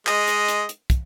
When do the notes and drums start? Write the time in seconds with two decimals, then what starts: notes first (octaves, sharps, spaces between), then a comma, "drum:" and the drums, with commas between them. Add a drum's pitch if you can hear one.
0.07 G#3 D#5, drum: clap
0.28 drum: hi-hat
0.48 drum: hi-hat
0.69 drum: hi-hat
0.90 drum: kick, hi-hat